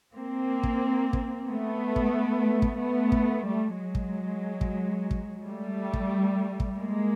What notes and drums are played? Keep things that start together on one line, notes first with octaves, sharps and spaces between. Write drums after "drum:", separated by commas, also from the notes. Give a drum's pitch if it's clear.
A#3 C4
drum: kick
drum: kick
A3 B3
drum: kick
drum: kick
A3 B3
drum: kick
G3 A3
F#3 G#3
drum: kick
drum: kick
drum: kick
G3 A3
drum: kick
drum: kick
G#3 A#3